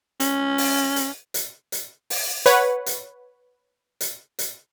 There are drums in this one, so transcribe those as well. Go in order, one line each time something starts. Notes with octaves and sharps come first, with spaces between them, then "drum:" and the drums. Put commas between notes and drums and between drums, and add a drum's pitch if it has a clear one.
C#4, drum: hi-hat
drum: open hi-hat
drum: hi-hat
drum: hi-hat
drum: hi-hat
drum: open hi-hat
B4 C#5 F#5, drum: hi-hat
drum: hi-hat
drum: hi-hat
drum: hi-hat